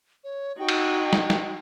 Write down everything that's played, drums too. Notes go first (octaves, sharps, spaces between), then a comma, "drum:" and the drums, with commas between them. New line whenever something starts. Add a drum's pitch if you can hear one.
C#5
D#4 F#4 G5
drum: cymbal
drum: snare
drum: snare